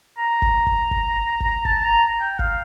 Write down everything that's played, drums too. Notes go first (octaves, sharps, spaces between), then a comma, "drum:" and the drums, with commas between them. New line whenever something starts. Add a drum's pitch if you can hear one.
A#5
drum: kick
drum: kick
drum: kick
drum: kick
A5, drum: kick
A#5
G5
F5, drum: kick